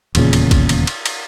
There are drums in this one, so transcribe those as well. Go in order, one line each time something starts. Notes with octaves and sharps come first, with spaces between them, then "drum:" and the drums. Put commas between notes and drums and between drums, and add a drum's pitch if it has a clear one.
D#1 E2 A#2 C#3, drum: cymbal
drum: cymbal
drum: kick A#1, cymbal
drum: cymbal
drum: cymbal
drum: cymbal